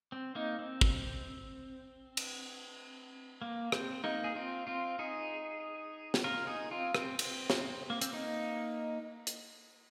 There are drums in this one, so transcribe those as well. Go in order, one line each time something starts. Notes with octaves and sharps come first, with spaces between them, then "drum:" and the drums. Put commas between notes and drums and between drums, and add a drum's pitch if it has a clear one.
C4
A#3 D#4
C4
drum: kick
drum: cymbal
A#3
C4, drum: rim click
A#3 D#4
G#4
C4 F4
C4 F4
D#4 G#4
drum: snare
F4 A#4
D#4 G#4
C4 F4
C4, drum: rim click
C4, drum: cymbal
drum: snare
A#3
C4, drum: hi-hat
A#3 D#4
drum: hi-hat